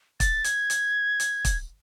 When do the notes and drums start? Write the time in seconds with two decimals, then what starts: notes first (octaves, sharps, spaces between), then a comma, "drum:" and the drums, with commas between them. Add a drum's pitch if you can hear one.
0.20 A6, drum: kick, hi-hat
0.44 G#6, drum: hi-hat
0.70 drum: hi-hat
1.20 drum: hi-hat
1.45 drum: kick, hi-hat